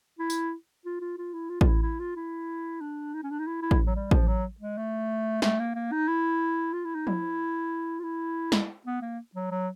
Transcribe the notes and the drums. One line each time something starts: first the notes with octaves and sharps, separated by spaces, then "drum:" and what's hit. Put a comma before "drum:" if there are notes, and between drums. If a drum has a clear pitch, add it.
E4
drum: tambourine
F4
F4
F4
E4
F4
F4, drum: kick A1
E4
E4
F4
E4
D4
D#4
C#4
D4
D#4
E4
E4
drum: kick A1
F#3
G3
F3, drum: kick A1
F#3
G#3
A3
A3, drum: snare
A#3
A#3
D#4
E4
F4
E4
D#4
E4, drum: tom F3
F4
E4
drum: snare
B3
A#3
F#3
F#3